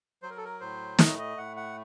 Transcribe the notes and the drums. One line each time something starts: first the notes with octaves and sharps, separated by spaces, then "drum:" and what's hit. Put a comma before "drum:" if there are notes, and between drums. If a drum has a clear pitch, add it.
F#3 C5
A#4
A4
A#4
A2 C5
A3 D#5, drum: snare
D#5
A2 F#5
F#5